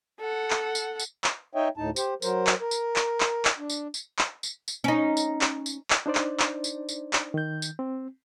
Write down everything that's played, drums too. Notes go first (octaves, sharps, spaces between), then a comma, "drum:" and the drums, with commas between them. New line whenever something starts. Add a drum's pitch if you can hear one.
A4 F#5
drum: clap
drum: tambourine
drum: tambourine
drum: clap
D#4 C#5 D#5 E5 G5
D2 A2 D#4 A5
G4 C5, drum: tambourine
F#3 A#4 C5, drum: tambourine
drum: clap
A#4
drum: tambourine
drum: clap
drum: clap
drum: clap
D4
drum: tambourine
drum: tambourine
drum: clap
drum: tambourine
drum: tambourine
C#4 D#4
drum: tambourine
drum: clap
drum: tambourine
drum: clap
D4 D#4 C5 D5
drum: clap
drum: clap
drum: tambourine
drum: tambourine
drum: clap
D#3 G6
drum: tambourine
C4